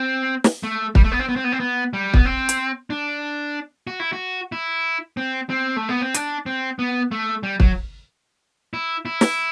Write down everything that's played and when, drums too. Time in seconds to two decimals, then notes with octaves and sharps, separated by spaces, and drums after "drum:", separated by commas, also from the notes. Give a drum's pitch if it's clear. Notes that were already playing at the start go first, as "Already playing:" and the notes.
Already playing: C4
0.44 drum: snare
0.63 A3
0.95 G3, drum: kick
1.04 A3
1.12 B3
1.19 C4
1.29 B3
1.36 C4
1.44 B3
1.52 C4
1.60 B3
1.93 G3
2.14 B3, drum: kick
2.25 C4
2.49 drum: hi-hat
2.90 D4
3.87 F#4
4.00 E4
4.13 F#4
4.52 E4
5.17 C4
5.50 C4
5.76 A3
5.89 B3
6.01 C4
6.14 D4, drum: hi-hat
6.46 C4
6.79 B3
7.11 A3
7.43 G3
7.60 F#3, drum: kick
8.74 E4
9.05 E4
9.21 drum: snare